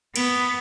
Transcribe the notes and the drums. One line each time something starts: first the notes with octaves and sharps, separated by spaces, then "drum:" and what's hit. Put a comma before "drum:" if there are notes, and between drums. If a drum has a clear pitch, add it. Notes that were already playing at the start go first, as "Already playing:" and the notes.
B3, drum: cymbal